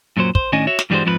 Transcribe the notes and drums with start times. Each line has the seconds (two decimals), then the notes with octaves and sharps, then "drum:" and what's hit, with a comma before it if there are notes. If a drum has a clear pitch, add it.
0.17 F#2 A#2 F#3 C5
0.35 C5, drum: kick
0.52 A2 D#3 C#4 D4 D#5 G#5
0.67 F#4 C#5 E5
0.79 drum: snare
0.90 G2 E3 G3 G#3 F#4 C5
1.05 F2 G#2 F3 F4 B4